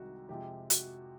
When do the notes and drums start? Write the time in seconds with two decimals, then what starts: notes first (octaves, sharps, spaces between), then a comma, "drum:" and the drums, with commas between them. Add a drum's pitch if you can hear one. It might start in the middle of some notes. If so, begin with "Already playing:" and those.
Already playing: C2 C3 D#3 G#3 F#4
0.29 F2 C3 F3 G#3 G4
0.70 F#4, drum: hi-hat